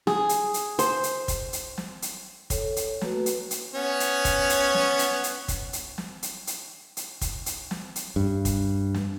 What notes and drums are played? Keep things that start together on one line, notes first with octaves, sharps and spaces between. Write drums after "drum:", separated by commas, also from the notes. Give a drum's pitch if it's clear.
G#4, drum: snare
drum: hi-hat
drum: hi-hat
C5, drum: hi-hat
drum: hi-hat
drum: kick, hi-hat
drum: hi-hat
drum: snare
drum: hi-hat
A4 C#5, drum: kick, hi-hat
drum: hi-hat
A3 A#3 F#4 B4, drum: snare
drum: hi-hat
drum: hi-hat
B3 C#4 C#5
drum: hi-hat
drum: kick, hi-hat
drum: hi-hat
drum: snare
drum: hi-hat
drum: hi-hat
drum: kick, hi-hat
drum: hi-hat
drum: snare
drum: hi-hat
drum: hi-hat
drum: hi-hat
drum: kick, hi-hat
drum: hi-hat
drum: snare
drum: hi-hat
G2
drum: kick, hi-hat
drum: snare